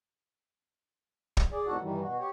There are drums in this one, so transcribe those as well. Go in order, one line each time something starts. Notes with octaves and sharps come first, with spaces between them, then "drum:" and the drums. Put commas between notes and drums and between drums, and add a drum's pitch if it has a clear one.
drum: kick
G#4 D5
A2 C3 D#3 F#4 A4 F#5
G2 D#3 E3 G3
B2 F#4
G4 C#5